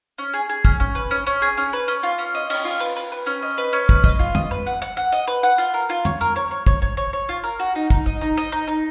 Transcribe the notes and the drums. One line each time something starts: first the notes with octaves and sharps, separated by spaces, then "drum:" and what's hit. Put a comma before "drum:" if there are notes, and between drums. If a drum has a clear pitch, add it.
C#4
G#4
G#4
C#4, drum: kick
C#4
B4
C#4
C#4
G#4
C#4
B4
C#4
F4
C#4
D#5
C#4, drum: cymbal
F4
B4
B4
B4
C#4
D#5
B4
C#4
B4, drum: kick
D#5, drum: kick
F4
D#5, drum: tom F2
B4
F#5
F#5
F#5
D#5
B4
F#5
F4, drum: hi-hat
A#4
F4
C#5, drum: tom F2
A#4
C#5
C#5
C#5, drum: kick
C#5
C#5
C#5
F4
A#4
F#4
D#4
D#4, drum: kick
D#5
D#4
D#5
D#4
D#4